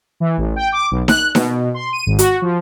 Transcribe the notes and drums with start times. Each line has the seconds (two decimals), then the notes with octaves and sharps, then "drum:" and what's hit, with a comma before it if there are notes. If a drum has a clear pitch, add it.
0.20 E3
0.37 A1
0.56 G5
0.72 D6
0.91 B1
1.08 F#6, drum: snare D#4
1.35 B2, drum: snare D#4
1.74 C6
1.93 D#7
2.06 G#1
2.19 F#4, drum: hi-hat
2.42 F3